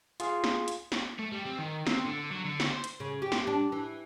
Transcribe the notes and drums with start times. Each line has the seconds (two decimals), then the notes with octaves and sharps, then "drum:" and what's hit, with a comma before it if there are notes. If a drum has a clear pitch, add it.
0.20 F4 G#4 F5, drum: hi-hat
0.44 drum: snare
0.68 drum: hi-hat
0.92 drum: snare
1.19 A3
1.32 G3
1.46 C4
1.58 D#3
1.87 C4, drum: snare
2.06 D3
2.31 F#3
2.45 D3
2.60 drum: snare
2.71 C5
2.84 drum: hi-hat
3.00 C#3
3.22 G4
3.32 drum: snare
3.47 D4
3.72 E3